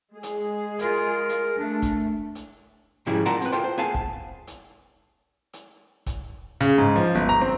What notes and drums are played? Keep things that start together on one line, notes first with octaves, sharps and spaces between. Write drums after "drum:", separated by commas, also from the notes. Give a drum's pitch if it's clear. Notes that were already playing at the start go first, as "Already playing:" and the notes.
G#3 G#4
drum: hi-hat
F4 A#4, drum: hi-hat
drum: hi-hat
A3 D4
drum: kick, hi-hat
drum: hi-hat
G#2 C#3 F3 G3 E4
F4 A#4 D5 F#5 A5 A#5
C4 B4, drum: hi-hat
F4 A4 A#4 G5
C5
B3 G#4 F5 G#5 A5
drum: kick
drum: hi-hat
drum: hi-hat
drum: kick, hi-hat
C#3, drum: hi-hat
G#2
F3
G1, drum: hi-hat
A#5
C4